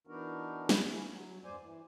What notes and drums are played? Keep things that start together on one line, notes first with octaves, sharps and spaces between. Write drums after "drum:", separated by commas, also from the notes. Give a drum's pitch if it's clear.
E3 B3 D4 D#4 F#4 A#4
D3 A3 B4, drum: snare
C#4 E4
F#3
E2 G2 C5 D5 G#5
E3